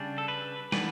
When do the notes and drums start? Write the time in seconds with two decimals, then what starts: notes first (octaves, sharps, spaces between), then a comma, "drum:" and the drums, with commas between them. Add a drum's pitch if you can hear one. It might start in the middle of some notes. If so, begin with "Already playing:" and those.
Already playing: C#3 G3 D4
0.18 A4
0.28 B4
0.72 E3 G3 B3 D4 B4, drum: snare